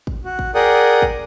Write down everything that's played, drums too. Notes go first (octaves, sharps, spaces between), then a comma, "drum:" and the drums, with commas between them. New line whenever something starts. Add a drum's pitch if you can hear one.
drum: kick
F#4
drum: kick
G#4 A#4 D5 F#5 G5 D#6
drum: kick